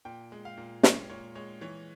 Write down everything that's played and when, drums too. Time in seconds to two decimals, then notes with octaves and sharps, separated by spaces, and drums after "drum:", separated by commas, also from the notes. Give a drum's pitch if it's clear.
0.05 A#2 G5
0.32 G#3
0.45 F5
0.57 A#2
0.83 G#3 C#5, drum: snare
1.09 A#2 C#5
1.35 G#3 C#5
1.61 E3 C#5